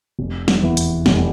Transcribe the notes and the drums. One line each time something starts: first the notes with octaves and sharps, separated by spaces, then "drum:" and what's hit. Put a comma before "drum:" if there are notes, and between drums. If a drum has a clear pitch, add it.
F1
drum: snare
E2 E3
drum: hi-hat
F1, drum: snare